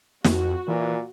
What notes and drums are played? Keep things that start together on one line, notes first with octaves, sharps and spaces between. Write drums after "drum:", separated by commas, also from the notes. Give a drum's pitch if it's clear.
F2 F#4, drum: snare
A#2 E3